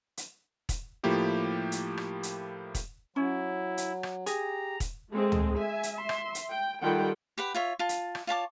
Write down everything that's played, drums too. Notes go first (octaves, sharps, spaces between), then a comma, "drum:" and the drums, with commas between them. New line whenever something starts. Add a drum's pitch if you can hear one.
drum: hi-hat
drum: kick E1, hi-hat
A2 F3 A#3 E4 G4 A4
drum: hi-hat
drum: rim click
drum: hi-hat
drum: kick E1, hi-hat
F#3 C#4 E4
drum: hi-hat
drum: rim click
G4 G#4 A#5, drum: hi-hat
drum: kick E1, hi-hat
G#3 A3 C4
drum: tom
E5 G#5
drum: hi-hat
E5 C6
drum: rim click
drum: hi-hat
G5
D#3 G3 F4 A4 F#5 G5
G4 B4 F#5
F4 C#5 E5
F4 A5
drum: hi-hat
drum: rim click
F4 C#5 A5 D6